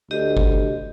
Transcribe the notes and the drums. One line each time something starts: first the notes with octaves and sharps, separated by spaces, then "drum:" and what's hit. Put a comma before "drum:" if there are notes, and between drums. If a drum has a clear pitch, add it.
D2 G4 D#5
drum: kick G1